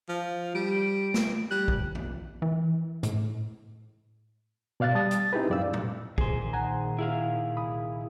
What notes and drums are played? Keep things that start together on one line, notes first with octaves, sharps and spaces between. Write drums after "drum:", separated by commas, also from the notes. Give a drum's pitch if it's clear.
F3
G3 D7
drum: snare
G3 F#6
drum: kick
drum: tom
E3
A2, drum: hi-hat
B2 D5 F5 F#6 A6
G3 A5 D#6 A6
drum: hi-hat
A6
C4 D#4 E4 G4 G#4 B4
F#2 D5 F5 E6
drum: tom A2
A#2 D#3 G#4 C5, drum: kick
F#5 G#5 A#5
E4 G#4 F5
C2 B5 D#6